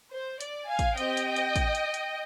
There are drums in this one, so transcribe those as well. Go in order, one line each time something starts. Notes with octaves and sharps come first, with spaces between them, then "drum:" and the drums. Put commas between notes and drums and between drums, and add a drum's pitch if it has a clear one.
C5
D5, drum: hi-hat
F5 G#5
drum: kick, hi-hat
C4 G4 D#5 G5, drum: hi-hat
drum: hi-hat
drum: hi-hat
drum: kick, hi-hat
drum: hi-hat
drum: hi-hat